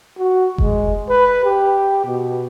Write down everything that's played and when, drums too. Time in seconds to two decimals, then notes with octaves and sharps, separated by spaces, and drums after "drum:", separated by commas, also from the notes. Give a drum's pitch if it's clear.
0.17 F#4
0.58 G#3, drum: kick F1
1.09 B4
1.44 G4
2.05 B2